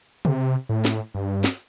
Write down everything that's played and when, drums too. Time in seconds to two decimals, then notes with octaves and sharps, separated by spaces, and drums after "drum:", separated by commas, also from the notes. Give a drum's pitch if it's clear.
0.25 C3, drum: tom C3
0.69 A2
0.85 drum: snare
1.14 G2
1.44 drum: snare